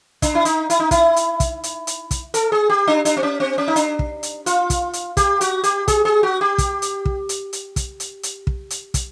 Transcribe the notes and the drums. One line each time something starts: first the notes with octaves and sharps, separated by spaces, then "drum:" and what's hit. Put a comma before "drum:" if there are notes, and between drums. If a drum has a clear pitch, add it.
D4, drum: kick, hi-hat
E4
D#4, drum: hi-hat
E4, drum: hi-hat
D#4
E4, drum: kick, hi-hat
drum: hi-hat
drum: kick, hi-hat
drum: hi-hat
drum: hi-hat
drum: kick, hi-hat
A4, drum: hi-hat
G#4
G4
D4
D4, drum: hi-hat
C4
C#4
C4
C#4
D#4
D4, drum: hi-hat
drum: kick
drum: hi-hat
F4, drum: hi-hat
drum: kick, hi-hat
drum: hi-hat
G4, drum: kick, hi-hat
F#4, drum: hi-hat
G4, drum: hi-hat
G#4, drum: kick, hi-hat
G#4
F#4
G4
drum: kick, hi-hat
drum: hi-hat
drum: kick
drum: hi-hat
drum: hi-hat
drum: kick, hi-hat
drum: hi-hat
drum: hi-hat
drum: kick
drum: hi-hat
drum: kick, hi-hat